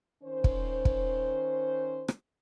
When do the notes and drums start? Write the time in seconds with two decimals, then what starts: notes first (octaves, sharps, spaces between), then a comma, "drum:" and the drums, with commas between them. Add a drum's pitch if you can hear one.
0.24 D#3 C#4 C5
0.44 drum: kick
0.85 drum: kick
2.08 drum: rim click